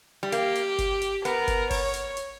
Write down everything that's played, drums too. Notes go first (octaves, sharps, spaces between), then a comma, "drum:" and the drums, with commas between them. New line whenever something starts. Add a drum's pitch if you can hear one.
G3
A#3 G4, drum: hi-hat
drum: hi-hat
drum: kick F#1, hi-hat
drum: hi-hat
B3 A#4, drum: hi-hat
drum: kick F#1, hi-hat
C#5, drum: kick F#1, open hi-hat
drum: hi-hat
drum: hi-hat